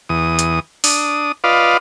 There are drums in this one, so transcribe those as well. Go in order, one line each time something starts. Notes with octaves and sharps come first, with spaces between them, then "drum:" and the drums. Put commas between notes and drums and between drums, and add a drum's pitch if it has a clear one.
E2 D#6
drum: hi-hat
D4 D#6, drum: open hi-hat
F4 B4 D5 D#5 F5